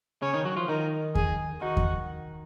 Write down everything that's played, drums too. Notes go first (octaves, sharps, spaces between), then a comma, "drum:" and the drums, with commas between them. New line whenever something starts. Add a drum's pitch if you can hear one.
C#3 C#4 C#5
D#3 D#4
F#3 F#4
F3 F4
D#3 D#4 A#4
G#4, drum: kick E2
D#3 D#4 F#4
drum: kick E2